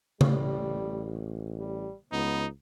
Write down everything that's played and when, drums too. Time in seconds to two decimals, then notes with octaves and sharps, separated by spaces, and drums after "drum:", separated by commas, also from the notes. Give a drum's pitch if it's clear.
0.21 A1 G3, drum: tom C#3
1.58 G3
2.12 C#2 B3 D#4